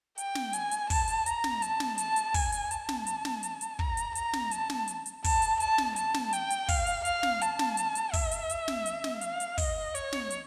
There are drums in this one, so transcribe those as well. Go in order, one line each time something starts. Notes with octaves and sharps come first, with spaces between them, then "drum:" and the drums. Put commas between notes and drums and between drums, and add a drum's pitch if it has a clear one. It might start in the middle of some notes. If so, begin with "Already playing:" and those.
G5, drum: hi-hat
drum: snare
G#5, drum: hi-hat
drum: hi-hat
A5, drum: kick, open hi-hat
drum: hi-hat
A#5, drum: hi-hat
drum: snare
A5, drum: hi-hat
drum: snare
A5, drum: hi-hat
drum: hi-hat
G#5, drum: kick, open hi-hat
drum: hi-hat
A5, drum: hi-hat
drum: snare
drum: hi-hat
drum: snare
drum: hi-hat
drum: hi-hat
A#5, drum: kick
drum: hi-hat
A#5, drum: hi-hat
drum: snare
A5, drum: hi-hat
drum: snare
drum: hi-hat
drum: hi-hat
A5, drum: kick, open hi-hat
drum: hi-hat
A5, drum: hi-hat
drum: snare
A5, drum: hi-hat
drum: snare
G5, drum: hi-hat
drum: hi-hat
F5, drum: kick, open hi-hat
drum: hi-hat
F5, drum: hi-hat
drum: snare
A5, drum: hi-hat
drum: snare
drum: hi-hat
drum: hi-hat
E5, drum: kick, open hi-hat
drum: hi-hat
drum: hi-hat
drum: snare
drum: hi-hat
drum: snare
F5, drum: hi-hat
drum: hi-hat
D#5, drum: kick, open hi-hat
C#5, drum: hi-hat
drum: snare
drum: hi-hat